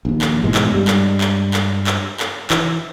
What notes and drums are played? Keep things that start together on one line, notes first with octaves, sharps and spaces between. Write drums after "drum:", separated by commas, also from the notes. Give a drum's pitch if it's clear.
A#1 D#2
drum: clap
G#2 B2 E3 G#3
drum: clap
G2 G3 G#3
drum: clap
drum: clap
drum: clap
drum: clap
drum: clap
E3, drum: clap